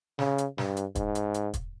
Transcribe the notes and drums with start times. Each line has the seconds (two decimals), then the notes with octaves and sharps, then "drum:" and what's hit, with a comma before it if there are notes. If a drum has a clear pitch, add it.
0.19 C#3, drum: snare
0.38 drum: hi-hat
0.58 G2, drum: snare
0.77 drum: hi-hat
0.95 G#2, drum: kick, hi-hat
1.15 drum: hi-hat
1.34 drum: hi-hat
1.53 drum: kick, hi-hat